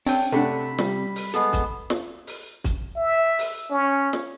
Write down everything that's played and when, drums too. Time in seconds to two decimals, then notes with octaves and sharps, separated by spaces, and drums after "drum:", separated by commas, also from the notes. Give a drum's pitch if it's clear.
0.06 C4 D4 C#5 G5, drum: open hi-hat
0.32 C3 A3 D4 F#5 B5
0.78 G3, drum: snare
1.16 drum: open hi-hat
1.34 G#3 B3 A4
1.53 drum: kick, hi-hat
1.90 drum: snare
2.27 drum: open hi-hat
2.64 drum: kick, hi-hat
2.96 E5
3.39 drum: open hi-hat
3.71 C#4
4.13 drum: snare